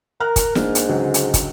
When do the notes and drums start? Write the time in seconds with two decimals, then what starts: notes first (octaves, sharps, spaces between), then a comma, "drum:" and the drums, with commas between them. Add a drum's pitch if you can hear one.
0.20 A#4 A#5 F6 F#6
0.36 drum: kick, hi-hat
0.55 G#2 A#3 D4, drum: snare
0.75 drum: hi-hat
0.89 C#2 D3 F#3
1.14 drum: hi-hat
1.34 drum: kick, hi-hat